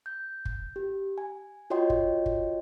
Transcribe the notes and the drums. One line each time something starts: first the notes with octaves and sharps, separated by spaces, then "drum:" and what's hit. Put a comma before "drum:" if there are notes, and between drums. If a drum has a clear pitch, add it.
G6
drum: kick
G4
G#5
F4 F#4 C#5 D#5 G5 C6
drum: kick
drum: kick